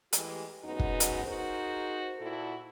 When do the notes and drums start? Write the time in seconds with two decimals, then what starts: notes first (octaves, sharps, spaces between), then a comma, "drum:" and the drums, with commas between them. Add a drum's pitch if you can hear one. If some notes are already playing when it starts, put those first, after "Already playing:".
0.13 E3 G#3 A3 G4, drum: hi-hat
0.64 F#2 G#3 B3 D#4 F#4
0.79 drum: kick
1.00 drum: hi-hat
1.25 D#4 F#4 G#4 A#4 C5
2.19 A#2 E4 F#4 A4